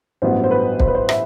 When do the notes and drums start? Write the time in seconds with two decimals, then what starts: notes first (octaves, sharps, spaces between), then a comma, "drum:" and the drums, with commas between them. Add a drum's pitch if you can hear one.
0.22 A1 G2 F#3 B3 C5
0.44 C5
0.51 B4
0.80 C5, drum: kick
0.88 B4
0.95 C5
1.09 E5, drum: rim click